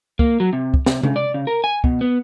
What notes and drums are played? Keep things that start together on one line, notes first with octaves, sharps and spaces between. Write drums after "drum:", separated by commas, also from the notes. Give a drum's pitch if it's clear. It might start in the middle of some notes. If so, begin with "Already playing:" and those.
A#3, drum: kick
F#3
C3
drum: kick
C3, drum: snare
C#3, drum: tom C3
D5
C#3
A#4
G#5
B2, drum: kick
B3